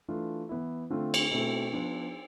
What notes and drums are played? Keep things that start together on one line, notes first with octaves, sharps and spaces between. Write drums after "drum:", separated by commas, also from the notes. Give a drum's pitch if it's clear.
E3 A3 D4 F4
E3 B3 E4
D3 A3 C4 F4
drum: cymbal
B2 A3 C4 E4
F3 B3 D4 F4